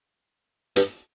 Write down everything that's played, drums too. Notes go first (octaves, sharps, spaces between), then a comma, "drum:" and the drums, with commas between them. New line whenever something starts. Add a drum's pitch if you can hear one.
G2, drum: hi-hat